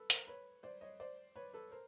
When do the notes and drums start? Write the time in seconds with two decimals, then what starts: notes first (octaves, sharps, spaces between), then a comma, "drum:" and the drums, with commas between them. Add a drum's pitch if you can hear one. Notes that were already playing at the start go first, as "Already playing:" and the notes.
Already playing: A4 B4
0.10 A#4 C5, drum: hi-hat
0.27 B4 C#5
0.63 C5 D5
0.81 C#5 D#5
1.00 C5 D5
1.35 B4 C#5
1.53 A4 B4
1.72 A#4 C5